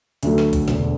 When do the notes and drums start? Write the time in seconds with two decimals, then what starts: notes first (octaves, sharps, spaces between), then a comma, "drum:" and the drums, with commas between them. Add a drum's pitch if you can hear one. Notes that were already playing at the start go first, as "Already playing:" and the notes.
0.23 D2 D3 F#3 A3, drum: hi-hat
0.38 drum: snare
0.53 drum: kick B1, hi-hat
0.68 E1 D2 D3, drum: snare